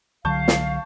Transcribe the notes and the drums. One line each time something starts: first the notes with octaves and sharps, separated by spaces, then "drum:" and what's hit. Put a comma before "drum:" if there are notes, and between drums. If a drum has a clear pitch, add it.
C2 D3 F#3 F5 A5 C#6 G6
drum: snare